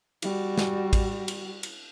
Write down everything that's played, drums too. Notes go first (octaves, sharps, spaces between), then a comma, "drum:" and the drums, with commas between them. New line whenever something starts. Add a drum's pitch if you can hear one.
G3 F#4, drum: cymbal
drum: snare
drum: kick, cymbal
drum: cymbal
drum: cymbal